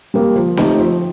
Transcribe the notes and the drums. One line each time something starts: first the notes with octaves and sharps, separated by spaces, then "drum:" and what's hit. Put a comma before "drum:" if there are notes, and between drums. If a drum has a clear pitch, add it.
G3 A#3
F3
A3 D#4 G4, drum: snare C4
F3